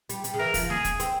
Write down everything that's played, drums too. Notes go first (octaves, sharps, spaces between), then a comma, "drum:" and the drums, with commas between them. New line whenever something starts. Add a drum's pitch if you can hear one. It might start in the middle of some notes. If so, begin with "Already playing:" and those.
G3, drum: hi-hat
G3, drum: hi-hat
C#3
E3 A#4
F3, drum: kick, open hi-hat
G#4, drum: snare
drum: kick, hi-hat
C4, drum: hi-hat